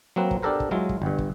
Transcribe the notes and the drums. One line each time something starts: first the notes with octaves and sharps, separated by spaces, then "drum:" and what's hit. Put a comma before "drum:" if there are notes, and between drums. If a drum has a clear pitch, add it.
F#3 A#3 C4 B4
drum: kick
B3 D4 G4 A4 A#4 C5
drum: kick
F#3 G#3 E4 F4
drum: kick
G1 G2
drum: kick